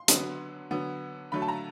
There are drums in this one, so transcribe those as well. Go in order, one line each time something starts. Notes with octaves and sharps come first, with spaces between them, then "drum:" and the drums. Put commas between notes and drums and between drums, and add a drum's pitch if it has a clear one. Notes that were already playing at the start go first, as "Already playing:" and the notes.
Already playing: C6
D3 F#3 B3, drum: hi-hat
D3 F#3 B3
D3 F#3 A3 B5
A5
A#5